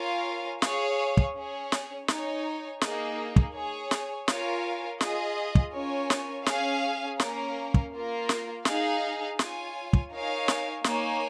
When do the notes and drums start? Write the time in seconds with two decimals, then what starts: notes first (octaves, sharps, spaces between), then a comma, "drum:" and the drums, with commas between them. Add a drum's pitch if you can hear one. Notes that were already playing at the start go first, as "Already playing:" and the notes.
Already playing: F4 A#4 C#5 F5 G#5
0.62 G#4 C#5 F5, drum: snare
1.17 drum: kick
1.35 C#4 G#4 C#5
1.72 drum: snare
2.08 D#4 C#5 G#5, drum: snare
2.81 A#3 D#4 G#4, drum: snare
3.36 drum: kick
3.55 G#4 C#5 G#5
3.91 drum: snare
4.28 F4 A#4 C#5 F5 G#5, drum: snare
5.01 F4 G#4 D#5, drum: snare
5.55 drum: kick
5.73 C#4 F4 A#4 C#5 G#5
6.10 drum: snare
6.46 C#4 G#4 F5 G#5, drum: snare
7.20 A#3 C#4 A#4 F5, drum: snare
7.74 drum: kick
7.93 A#3 F4 A#4
8.29 drum: snare
8.65 D#4 G#4 F5, drum: snare
9.39 F4 C#5 G#5, drum: snare
9.93 drum: kick
10.12 D#4 A#4 C#5 F5 G#5
10.48 drum: snare
10.84 A#3 D#4 C#5 G#5, drum: snare